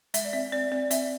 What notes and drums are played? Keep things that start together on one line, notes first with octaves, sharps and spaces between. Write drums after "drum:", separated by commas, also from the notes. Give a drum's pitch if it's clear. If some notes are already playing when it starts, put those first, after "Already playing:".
G#3 E5, drum: hi-hat
D5
C4 E5
C4 D5
C4 D5
C4 E5, drum: hi-hat